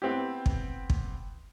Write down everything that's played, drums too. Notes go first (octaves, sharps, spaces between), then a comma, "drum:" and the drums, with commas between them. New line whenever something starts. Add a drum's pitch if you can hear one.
B3 C4 E4 G4
drum: kick
drum: kick